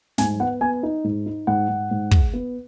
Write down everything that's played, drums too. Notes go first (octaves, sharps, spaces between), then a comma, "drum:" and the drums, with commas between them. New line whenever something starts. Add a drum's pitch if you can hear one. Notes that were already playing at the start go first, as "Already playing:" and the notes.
G#2 G#5, drum: snare
B3 F#5
B3 G#5
D#4
G#2
D#4
G#2 F#5
G#2
G#2
G#3, drum: kick
B3